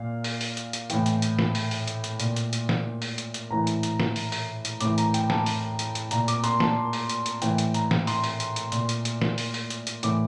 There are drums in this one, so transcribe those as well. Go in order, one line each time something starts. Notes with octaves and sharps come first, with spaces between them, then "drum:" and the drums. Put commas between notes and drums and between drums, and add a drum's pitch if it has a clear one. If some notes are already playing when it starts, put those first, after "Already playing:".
Already playing: A#2 F5
drum: open hi-hat
drum: open hi-hat
drum: hi-hat
drum: hi-hat
A2 E3 G5, drum: hi-hat
drum: hi-hat
drum: hi-hat
drum: snare
drum: open hi-hat
drum: open hi-hat
drum: hi-hat
drum: hi-hat
A#2, drum: hi-hat
drum: hi-hat
drum: hi-hat
drum: snare
drum: open hi-hat
drum: hi-hat
drum: hi-hat
A2 E3 A#5
drum: hi-hat
drum: hi-hat
drum: snare
drum: open hi-hat
drum: open hi-hat
drum: hi-hat
A2 E3 D6, drum: hi-hat
A#5, drum: hi-hat
G5, drum: hi-hat
A5, drum: snare
drum: open hi-hat
drum: hi-hat
drum: hi-hat
A#2 A#5, drum: hi-hat
D6, drum: hi-hat
C6, drum: hi-hat
A5, drum: snare
drum: open hi-hat
drum: hi-hat
drum: hi-hat
A2 E3 G5, drum: hi-hat
drum: hi-hat
A#5, drum: hi-hat
drum: snare
C6, drum: open hi-hat
drum: open hi-hat
drum: hi-hat
drum: hi-hat
A#2, drum: hi-hat
drum: hi-hat
drum: hi-hat
drum: snare
drum: open hi-hat
drum: open hi-hat
drum: hi-hat
drum: hi-hat
A2 E3 D6, drum: hi-hat